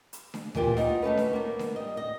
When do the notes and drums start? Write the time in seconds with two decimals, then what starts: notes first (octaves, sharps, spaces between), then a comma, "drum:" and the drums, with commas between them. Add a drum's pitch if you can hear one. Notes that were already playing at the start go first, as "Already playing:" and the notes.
0.13 drum: hi-hat
0.34 drum: snare D4
0.55 A#2 E3 A#3 F4 G4, drum: tom D2
0.77 B3 D#4 F4 F#5, drum: snare D4
1.02 D#2 A3 C#4 B4
1.17 drum: snare D4
1.33 A#3 B3
1.59 drum: snare D4
1.76 G3 D#5
1.97 D#5